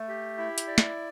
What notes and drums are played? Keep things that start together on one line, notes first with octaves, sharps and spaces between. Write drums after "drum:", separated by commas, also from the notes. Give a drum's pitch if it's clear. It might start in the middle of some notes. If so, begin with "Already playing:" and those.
Already playing: A3
G4
E4
drum: hi-hat
D5
drum: snare